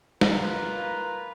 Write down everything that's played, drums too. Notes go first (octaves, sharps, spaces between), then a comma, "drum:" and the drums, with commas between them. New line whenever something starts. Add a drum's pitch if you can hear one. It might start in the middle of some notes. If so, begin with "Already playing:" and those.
A#3 F4 B4 A#5, drum: snare